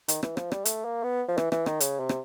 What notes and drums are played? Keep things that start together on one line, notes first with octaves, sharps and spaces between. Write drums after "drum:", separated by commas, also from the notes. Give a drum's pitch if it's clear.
D#3, drum: hi-hat
E3, drum: rim click
F3, drum: rim click
G3, drum: rim click
A3, drum: hi-hat
A#3
B3
F3
E3, drum: rim click
E3, drum: rim click
D#3, drum: rim click
C#3, drum: hi-hat
C3
drum: rim click